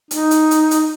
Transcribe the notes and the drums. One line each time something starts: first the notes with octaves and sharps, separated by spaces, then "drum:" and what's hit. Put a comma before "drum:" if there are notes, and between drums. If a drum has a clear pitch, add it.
D#4, drum: hi-hat
drum: hi-hat
drum: hi-hat
drum: hi-hat